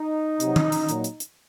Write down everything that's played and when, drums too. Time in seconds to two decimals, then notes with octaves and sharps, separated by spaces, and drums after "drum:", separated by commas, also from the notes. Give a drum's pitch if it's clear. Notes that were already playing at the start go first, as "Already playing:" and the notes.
Already playing: D#4
0.40 C3 F#3, drum: hi-hat
0.56 drum: tom D#3
0.72 drum: hi-hat
0.89 A#2 F#3, drum: hi-hat
1.04 drum: hi-hat
1.20 drum: hi-hat